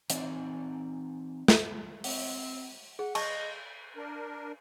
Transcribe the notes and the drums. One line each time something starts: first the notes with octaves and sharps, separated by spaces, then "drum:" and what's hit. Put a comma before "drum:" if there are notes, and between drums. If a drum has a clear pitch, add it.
E3 C4 D#4 D5, drum: hi-hat
drum: snare
C4, drum: open hi-hat
G#4 F#5
D#5 A5 C#6, drum: cymbal
D4 A#4